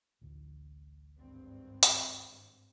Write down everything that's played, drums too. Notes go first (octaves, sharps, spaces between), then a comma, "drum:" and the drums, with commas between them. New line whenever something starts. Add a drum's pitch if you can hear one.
A1 D2
G#1 G2 C4
drum: hi-hat